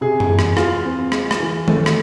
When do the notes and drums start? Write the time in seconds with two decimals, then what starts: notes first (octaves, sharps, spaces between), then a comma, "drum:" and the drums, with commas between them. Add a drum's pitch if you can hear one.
0.01 C3 G#4
0.20 drum: tom F#2
0.29 E2
0.39 drum: rim click
0.57 E3 F4, drum: rim click
0.85 C4
1.12 G#3, drum: rim click
1.31 drum: rim click
1.40 E3
1.68 A3, drum: tom D#3
1.86 drum: rim click